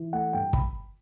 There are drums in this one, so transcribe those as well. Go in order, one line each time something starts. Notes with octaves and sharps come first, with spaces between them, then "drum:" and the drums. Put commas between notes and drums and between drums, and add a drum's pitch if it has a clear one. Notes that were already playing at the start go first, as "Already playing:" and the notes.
Already playing: E3
A3 F#5
G2 G5
B5, drum: kick